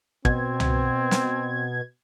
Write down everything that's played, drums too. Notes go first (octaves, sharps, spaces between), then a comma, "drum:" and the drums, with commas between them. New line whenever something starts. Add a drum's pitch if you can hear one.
B2 C4 G#6, drum: kick
drum: tom C2
drum: snare